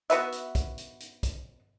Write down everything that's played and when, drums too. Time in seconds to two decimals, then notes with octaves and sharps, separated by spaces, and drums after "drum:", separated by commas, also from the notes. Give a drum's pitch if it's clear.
0.10 B3 F#4 B4 E5, drum: hi-hat
0.32 drum: hi-hat
0.55 drum: kick, hi-hat
0.78 drum: hi-hat
1.00 drum: hi-hat
1.23 drum: kick, hi-hat